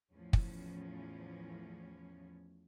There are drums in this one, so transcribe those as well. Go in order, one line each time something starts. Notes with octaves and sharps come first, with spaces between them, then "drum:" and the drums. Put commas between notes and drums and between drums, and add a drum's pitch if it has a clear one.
E2 A2 F3 C#4
drum: kick